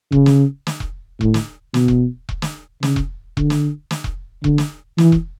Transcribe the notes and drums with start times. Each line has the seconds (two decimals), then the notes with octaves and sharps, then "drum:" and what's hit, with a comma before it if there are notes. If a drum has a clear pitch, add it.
0.12 C#3, drum: kick E1
0.26 drum: snare
0.67 drum: snare
0.80 drum: kick E1
1.21 A2, drum: kick E1
1.34 drum: snare
1.74 B2, drum: snare
1.88 drum: kick E1
2.29 drum: kick E1
2.42 drum: snare
2.83 C#3, drum: snare
2.96 drum: kick E1
3.37 D3, drum: kick E1
3.50 drum: snare
3.91 drum: snare
4.04 drum: kick E1
4.44 D3, drum: kick E1
4.58 drum: snare
4.98 E3, drum: snare
5.12 drum: kick E1